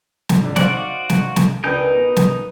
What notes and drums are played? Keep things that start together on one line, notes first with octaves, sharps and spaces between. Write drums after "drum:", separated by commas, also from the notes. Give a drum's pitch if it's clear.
drum: snare
G#1 D3 D5
D#4 F#4 C5 D5 F5 F#5, drum: snare
drum: snare
drum: snare
C#2 D4 D#4 A#4 B4 G#5 G6
B2
drum: snare